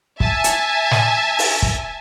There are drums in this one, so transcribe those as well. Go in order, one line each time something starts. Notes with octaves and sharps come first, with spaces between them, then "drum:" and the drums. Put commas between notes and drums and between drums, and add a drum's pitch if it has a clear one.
E5 G#5 A5, drum: kick
drum: hi-hat
drum: snare
drum: open hi-hat
drum: kick